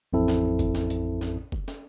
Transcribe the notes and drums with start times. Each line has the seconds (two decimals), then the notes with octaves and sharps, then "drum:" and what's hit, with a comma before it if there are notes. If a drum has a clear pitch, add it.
0.13 A1 F2 C4 E4 A4
0.28 drum: snare
0.59 drum: kick, hi-hat
0.75 drum: snare
0.90 drum: hi-hat
1.21 drum: snare
1.52 drum: kick
1.68 drum: snare